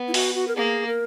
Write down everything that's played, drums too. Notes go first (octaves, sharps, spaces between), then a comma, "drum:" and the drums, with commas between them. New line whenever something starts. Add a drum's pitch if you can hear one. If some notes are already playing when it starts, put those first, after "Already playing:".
Already playing: B3
E4
F#4, drum: open hi-hat
F#4
A#4
A#3 G#4
A#4